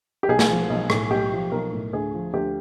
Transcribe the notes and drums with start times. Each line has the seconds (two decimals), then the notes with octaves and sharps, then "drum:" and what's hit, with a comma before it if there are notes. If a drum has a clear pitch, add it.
0.23 G4
0.28 B1 G#4
0.39 drum: snare
0.49 F3
0.70 B1
0.90 A2, drum: rim click
1.10 B1 G4
1.32 F3
1.52 B1 A#4
1.73 A2
1.93 D2 G#4
2.13 F3
2.33 D2 G4